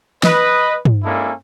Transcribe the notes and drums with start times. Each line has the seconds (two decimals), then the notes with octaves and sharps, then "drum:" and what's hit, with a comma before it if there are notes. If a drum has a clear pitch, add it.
0.23 B4 D#5, drum: snare
0.85 drum: tom
1.03 G#3 A#3 C#4 D4 E4 A4